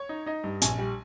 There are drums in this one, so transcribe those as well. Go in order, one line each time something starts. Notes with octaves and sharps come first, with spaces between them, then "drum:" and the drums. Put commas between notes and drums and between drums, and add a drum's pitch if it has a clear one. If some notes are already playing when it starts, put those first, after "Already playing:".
Already playing: C#5
D#4
D#4 D#5
G2
A#1 G#5, drum: hi-hat
G3